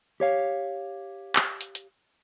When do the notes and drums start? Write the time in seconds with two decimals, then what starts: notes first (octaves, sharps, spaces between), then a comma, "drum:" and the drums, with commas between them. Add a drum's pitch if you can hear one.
0.20 G4 C#5 F5
1.36 drum: clap
1.61 drum: hi-hat
1.75 drum: hi-hat